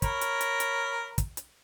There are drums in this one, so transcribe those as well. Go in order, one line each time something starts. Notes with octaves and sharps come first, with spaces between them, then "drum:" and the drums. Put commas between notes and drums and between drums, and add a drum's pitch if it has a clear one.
A#4 C#5 B5, drum: kick, hi-hat
drum: hi-hat
drum: hi-hat
drum: hi-hat
drum: kick, hi-hat
drum: hi-hat